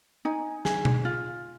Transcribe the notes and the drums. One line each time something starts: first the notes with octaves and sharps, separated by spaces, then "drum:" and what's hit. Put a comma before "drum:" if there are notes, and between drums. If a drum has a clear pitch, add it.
D#4 G#5
G#4, drum: snare
drum: tom B2
F4